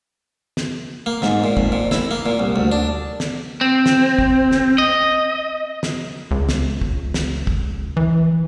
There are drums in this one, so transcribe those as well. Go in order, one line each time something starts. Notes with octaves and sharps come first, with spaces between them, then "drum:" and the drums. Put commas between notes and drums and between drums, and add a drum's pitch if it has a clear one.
drum: snare
A#3
G#2, drum: snare
A#2
F2, drum: kick
A#2
E4, drum: snare
A#3
A#2
C2
D2
D4
drum: snare
C4
drum: snare
drum: kick
drum: snare
D#5
drum: snare
C#2
drum: snare
drum: kick
drum: snare
drum: kick
E3